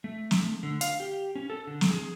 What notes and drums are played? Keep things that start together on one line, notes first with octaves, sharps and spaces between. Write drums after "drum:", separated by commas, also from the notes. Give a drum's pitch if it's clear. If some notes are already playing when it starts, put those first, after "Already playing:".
A3
drum: snare
D3
F5, drum: hi-hat
G4
C#4
A4
D3
drum: snare
G#4